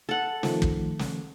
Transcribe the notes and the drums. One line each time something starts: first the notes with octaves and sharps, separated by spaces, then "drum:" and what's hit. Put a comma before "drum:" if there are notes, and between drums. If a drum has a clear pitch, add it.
A4 F#5
D#3 F3 A3, drum: snare
drum: kick
drum: snare